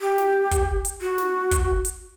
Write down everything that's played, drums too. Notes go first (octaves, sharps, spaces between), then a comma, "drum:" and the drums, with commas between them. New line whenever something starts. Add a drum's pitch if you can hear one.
G4
drum: snare
drum: kick, hi-hat
drum: hi-hat
F#4
drum: snare
drum: kick, hi-hat
drum: hi-hat